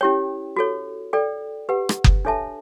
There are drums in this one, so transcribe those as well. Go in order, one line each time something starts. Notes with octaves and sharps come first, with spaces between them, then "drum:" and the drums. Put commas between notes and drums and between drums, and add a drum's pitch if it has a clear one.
C#4 E4 G4 C#5 G5
F#4 A4 C#5
A4 D5 G5
G4 B4 F#5
drum: rim click
drum: kick F#1
D4 A4 C#5 E5 A5